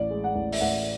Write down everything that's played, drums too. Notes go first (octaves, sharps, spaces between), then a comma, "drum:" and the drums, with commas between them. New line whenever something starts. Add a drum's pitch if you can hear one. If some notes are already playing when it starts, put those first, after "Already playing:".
Already playing: A1 D5
G#3
F#5
A1
E5, drum: open hi-hat
A1 F#5